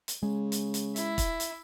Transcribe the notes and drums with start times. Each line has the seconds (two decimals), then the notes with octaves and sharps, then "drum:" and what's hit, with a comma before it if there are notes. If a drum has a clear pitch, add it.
0.08 drum: hi-hat
0.23 C#3 G#3
0.52 drum: hi-hat
0.74 drum: hi-hat
0.96 E4, drum: hi-hat
1.18 drum: kick, hi-hat
1.40 drum: hi-hat